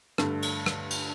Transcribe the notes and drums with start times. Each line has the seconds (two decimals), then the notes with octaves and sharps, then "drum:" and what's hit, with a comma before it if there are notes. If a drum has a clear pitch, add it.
0.18 G2 D3 A3, drum: rim click
0.42 drum: cymbal
0.66 drum: rim click
0.90 drum: cymbal